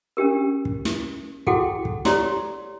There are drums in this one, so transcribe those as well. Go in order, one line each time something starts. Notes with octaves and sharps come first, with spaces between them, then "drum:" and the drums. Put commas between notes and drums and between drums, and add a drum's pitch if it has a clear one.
C#4 D4 G4 A#4
drum: kick
drum: snare
E4 F#4 G#4 A4 F#5 G5, drum: kick
drum: kick
G4 C#5 D5 A#5 C6, drum: snare